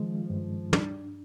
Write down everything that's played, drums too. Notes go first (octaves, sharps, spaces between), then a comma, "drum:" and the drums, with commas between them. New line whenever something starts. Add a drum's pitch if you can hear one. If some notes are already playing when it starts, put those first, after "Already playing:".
Already playing: D#3 F3 G#3
G2
G3 D4, drum: tom